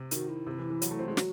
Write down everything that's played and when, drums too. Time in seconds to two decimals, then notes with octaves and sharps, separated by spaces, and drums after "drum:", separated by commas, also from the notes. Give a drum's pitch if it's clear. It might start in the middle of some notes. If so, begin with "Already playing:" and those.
Already playing: C3
0.11 D#3 F#4, drum: hi-hat
0.29 E4
0.47 C3
0.58 E3
0.70 E3
0.82 F#3, drum: hi-hat
0.91 A3
0.99 C4
1.08 G#3 E4
1.17 F#3 F#4, drum: snare